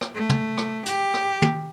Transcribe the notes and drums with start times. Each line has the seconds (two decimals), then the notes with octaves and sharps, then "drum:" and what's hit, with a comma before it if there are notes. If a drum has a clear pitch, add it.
0.01 drum: rim click
0.15 A3
0.29 drum: tom
0.58 drum: rim click
0.86 G4, drum: hi-hat
1.14 drum: rim click
1.42 drum: tom